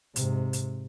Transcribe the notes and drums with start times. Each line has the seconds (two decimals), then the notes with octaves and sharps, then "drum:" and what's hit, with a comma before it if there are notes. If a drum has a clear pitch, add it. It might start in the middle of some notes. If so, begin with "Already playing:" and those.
0.16 G#2 C3, drum: hi-hat
0.53 drum: hi-hat